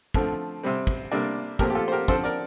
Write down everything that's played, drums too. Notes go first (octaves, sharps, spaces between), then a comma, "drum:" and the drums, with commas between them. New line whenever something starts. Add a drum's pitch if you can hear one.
D3 F3 A3 C4, drum: kick
C3 G3 C4
drum: kick
C3 G3 A#3 D4
A#2 F3 A3 C4 G4 A#4, drum: kick
G4
F4 A4
C5
G4 A#4
D3 F3 C4 A4 C5, drum: kick
A#4 D5